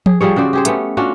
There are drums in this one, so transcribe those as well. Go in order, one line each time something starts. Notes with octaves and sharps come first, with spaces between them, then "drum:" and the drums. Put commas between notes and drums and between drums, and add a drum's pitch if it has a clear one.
G#4, drum: tom F3
F3 G3 G#4 C#5
C#3 F#4 C5 D5
G4 G#4 C5
A3 B3 C#4, drum: hi-hat
C#4 D4 F4 F#4